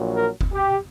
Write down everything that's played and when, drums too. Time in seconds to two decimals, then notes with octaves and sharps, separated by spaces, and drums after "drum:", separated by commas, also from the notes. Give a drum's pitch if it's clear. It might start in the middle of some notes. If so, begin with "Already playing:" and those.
Already playing: A#1 A#2 F#3
0.14 A#4
0.41 drum: kick F1
0.53 G4